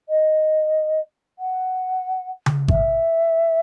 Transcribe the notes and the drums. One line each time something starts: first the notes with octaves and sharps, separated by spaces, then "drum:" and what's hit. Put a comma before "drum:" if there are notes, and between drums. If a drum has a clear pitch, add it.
D#5
F#5
drum: tom C#3
E5, drum: kick G#1